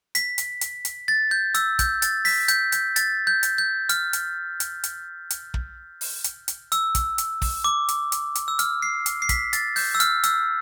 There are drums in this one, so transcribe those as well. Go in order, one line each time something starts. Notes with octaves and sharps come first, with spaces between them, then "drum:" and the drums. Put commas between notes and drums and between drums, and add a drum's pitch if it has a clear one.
B6, drum: hi-hat
drum: hi-hat
drum: hi-hat
drum: hi-hat
A6
G6
E6, drum: hi-hat
G6, drum: kick, hi-hat
A6, drum: hi-hat
B6, drum: open hi-hat
G6, drum: hi-hat
G6, drum: hi-hat
A6, drum: hi-hat
G6
drum: hi-hat
G6
F6, drum: hi-hat
drum: hi-hat
drum: hi-hat
drum: hi-hat
drum: hi-hat
drum: kick
drum: open hi-hat
drum: hi-hat
drum: hi-hat
E6, drum: hi-hat
drum: kick, hi-hat
drum: hi-hat
drum: kick, open hi-hat
D6
drum: hi-hat
drum: hi-hat
drum: hi-hat
E6
F6, drum: hi-hat
C7
drum: hi-hat
C7
B6, drum: kick, hi-hat
A6, drum: hi-hat
G6, drum: open hi-hat
E6
F6, drum: hi-hat
E6, drum: hi-hat